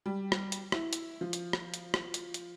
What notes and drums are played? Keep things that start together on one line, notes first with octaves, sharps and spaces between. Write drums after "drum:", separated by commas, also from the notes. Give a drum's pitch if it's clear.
G3
drum: rim click
drum: hi-hat
E4, drum: rim click
drum: hi-hat
F3
drum: hi-hat
drum: rim click
drum: hi-hat
drum: rim click
drum: hi-hat
drum: hi-hat